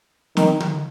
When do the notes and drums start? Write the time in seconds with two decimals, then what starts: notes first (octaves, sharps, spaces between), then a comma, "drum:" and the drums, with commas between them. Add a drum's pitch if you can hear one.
0.37 D#3, drum: snare
0.60 drum: tom D3